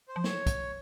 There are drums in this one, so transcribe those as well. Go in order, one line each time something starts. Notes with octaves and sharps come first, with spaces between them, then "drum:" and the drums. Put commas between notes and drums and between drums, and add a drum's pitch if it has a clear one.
C5
F3
F#3 C#5, drum: snare
drum: kick, hi-hat